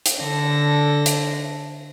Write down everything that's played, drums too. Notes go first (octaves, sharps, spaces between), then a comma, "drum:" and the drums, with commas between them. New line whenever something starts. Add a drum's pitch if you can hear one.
drum: hi-hat
D3 D4 A4 A#6
drum: hi-hat